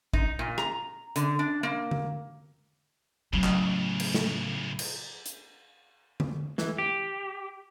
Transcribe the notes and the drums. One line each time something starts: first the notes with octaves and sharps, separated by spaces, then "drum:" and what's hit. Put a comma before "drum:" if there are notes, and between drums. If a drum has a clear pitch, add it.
D#4, drum: kick
A#2
A#5, drum: rim click
D3, drum: hi-hat
D4
A#3
drum: tom D3
A2 C#3 F#3
drum: clap
drum: cymbal
drum: snare
drum: cymbal
drum: hi-hat
drum: tom D3
E3, drum: snare
G4